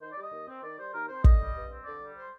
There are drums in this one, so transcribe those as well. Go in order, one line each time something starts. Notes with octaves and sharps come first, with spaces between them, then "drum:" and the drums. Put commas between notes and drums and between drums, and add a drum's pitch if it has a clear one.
D#3 C5
D5
G3 D#5
D#2
C4
D#3 D5
G3 C5
D#2 A#4
C4 C5
D3 D#5, drum: kick
G3
G2
C4
D3 D5
G3
C5